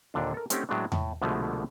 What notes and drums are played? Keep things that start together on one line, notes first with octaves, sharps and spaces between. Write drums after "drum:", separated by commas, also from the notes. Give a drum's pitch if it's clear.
D#2 A#2 D3 D4
A4 A#4
A3 C4 C#4 D#4 G4 F#5, drum: hi-hat
A2 F#3 G#3 B3 D4
A2, drum: tom E2
C2 B2 D3 F3 G#3 A3